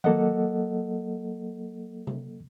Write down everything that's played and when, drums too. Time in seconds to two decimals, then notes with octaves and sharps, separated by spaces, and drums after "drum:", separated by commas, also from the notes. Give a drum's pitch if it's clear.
0.04 F#3 A#3 A4 D#5 F#5, drum: tom D#3
2.07 drum: tom C3